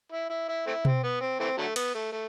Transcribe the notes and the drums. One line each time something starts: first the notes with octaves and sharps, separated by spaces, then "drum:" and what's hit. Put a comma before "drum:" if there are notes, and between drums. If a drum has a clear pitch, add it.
E4
E4
E4
A3 C4 E4
C4, drum: tom B2
B3
C4
E3 A3 C4
D3 F#3 A3
B3, drum: cymbal
A3
A3